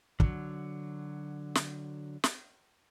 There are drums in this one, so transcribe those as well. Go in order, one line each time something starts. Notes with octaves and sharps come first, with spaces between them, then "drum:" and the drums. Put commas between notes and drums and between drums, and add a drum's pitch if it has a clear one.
D3 F#3, drum: kick
drum: snare
drum: snare